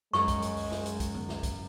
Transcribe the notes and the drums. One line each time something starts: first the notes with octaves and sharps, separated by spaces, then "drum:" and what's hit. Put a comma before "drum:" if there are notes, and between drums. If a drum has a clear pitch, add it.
F#2 G#3 C#6, drum: snare
drum: kick C2, hi-hat
drum: hi-hat
drum: open hi-hat
drum: snare
drum: hi-hat
drum: kick C2, hi-hat
drum: tom D3
drum: snare
drum: kick C2, hi-hat